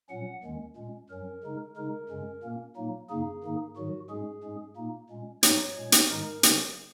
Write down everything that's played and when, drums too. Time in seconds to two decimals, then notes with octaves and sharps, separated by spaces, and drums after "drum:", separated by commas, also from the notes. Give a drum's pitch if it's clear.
0.10 A#2 F#3 C#4 F#5
0.43 D#2 D#3 G#3 C#4
0.76 A#2 G#3 C#4
1.10 F#2 F#3 C#4 A#4
1.43 C#3 G#3 D#4
1.77 C#3 G#3 D#4 A#4
2.10 F#2 C#3 G#3 C#4
2.43 A#2 A#3 C#4
2.76 A#2 F#3 A#3 D#4
3.10 F#2 C#3 A#3 D#4 G#4
3.43 G#2 D#3 A#3 D#4
3.76 G#2 D#3 F#3 F#4
4.10 G#2 G#3 C#4 G#4
4.43 G#2 G#3 C#4
4.76 A#2 A#3 D#4
5.10 A#2 G#3 C#4
5.43 G#2 F#3 D#4 C#5, drum: hi-hat
5.76 A#2 G#3 C#4
5.92 drum: hi-hat
6.09 G#2 D#3 G#3 D#4 A#4
6.43 C#3 F#3 C#4, drum: hi-hat